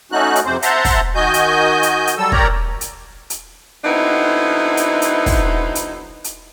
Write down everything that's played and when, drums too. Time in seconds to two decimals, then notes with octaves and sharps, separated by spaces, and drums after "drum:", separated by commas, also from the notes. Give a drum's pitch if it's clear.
0.12 A3 C#4 D#4 F#4 F#6
0.36 drum: hi-hat
0.45 F2 C3 C4 C5
0.62 C5 E5 F#5 A5 A#5 C6, drum: hi-hat
0.85 drum: kick, open hi-hat
1.15 D#3 F#4 D#5 G#5 G6
1.34 drum: hi-hat
1.83 drum: hi-hat
2.07 drum: hi-hat
2.17 F#3 G3 A4 E6
2.32 G4 A#4 C#5 D5 A#5, drum: kick
2.81 drum: hi-hat
3.30 drum: hi-hat
3.85 D3 F#3 B3 C4 D#4 E4
4.77 drum: hi-hat
5.02 drum: hi-hat
5.26 drum: kick, open hi-hat
5.75 drum: hi-hat
6.24 drum: hi-hat